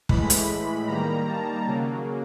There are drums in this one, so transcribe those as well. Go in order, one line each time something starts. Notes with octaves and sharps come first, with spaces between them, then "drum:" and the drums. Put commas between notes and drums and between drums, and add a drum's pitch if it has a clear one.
A2 E3 G#3 B5, drum: kick
drum: hi-hat
D#3 G3 A#3 A#5
A5
C#3 F#3 A#3